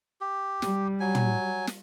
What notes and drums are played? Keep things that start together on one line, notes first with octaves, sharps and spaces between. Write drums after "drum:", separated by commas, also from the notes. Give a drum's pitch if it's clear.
G4
G3, drum: snare
F#3 G#5
drum: tom
drum: snare